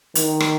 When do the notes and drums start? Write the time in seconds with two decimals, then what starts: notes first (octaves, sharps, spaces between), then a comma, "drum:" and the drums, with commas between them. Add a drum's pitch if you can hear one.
0.15 D#3, drum: hi-hat
0.40 drum: rim click